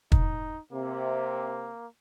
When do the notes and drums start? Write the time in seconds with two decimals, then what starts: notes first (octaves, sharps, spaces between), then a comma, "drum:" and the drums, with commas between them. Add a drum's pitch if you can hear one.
0.12 D#4, drum: kick
0.72 C3 A#3